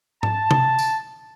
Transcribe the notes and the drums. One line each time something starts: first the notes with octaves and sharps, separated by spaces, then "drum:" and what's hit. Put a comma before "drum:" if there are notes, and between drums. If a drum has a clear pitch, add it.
A5, drum: tom G#2
drum: tom C3
drum: tambourine